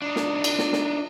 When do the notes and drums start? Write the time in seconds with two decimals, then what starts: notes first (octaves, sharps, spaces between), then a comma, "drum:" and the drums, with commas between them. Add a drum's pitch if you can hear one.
0.02 D4 D#4
0.16 drum: snare
0.44 drum: cymbal
0.58 drum: snare
0.73 drum: snare